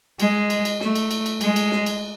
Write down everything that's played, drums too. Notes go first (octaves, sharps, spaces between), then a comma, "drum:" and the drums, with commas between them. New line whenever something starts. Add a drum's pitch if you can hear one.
G#3, drum: cymbal
drum: cymbal
drum: cymbal
A3, drum: snare
drum: cymbal
drum: cymbal
drum: cymbal
G#3, drum: cymbal
drum: cymbal
drum: snare
drum: cymbal